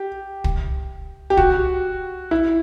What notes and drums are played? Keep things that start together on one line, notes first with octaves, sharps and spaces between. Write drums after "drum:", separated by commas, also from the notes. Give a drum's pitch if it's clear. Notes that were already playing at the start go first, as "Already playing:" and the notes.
Already playing: G4
drum: kick
G4
F#4, drum: kick
E4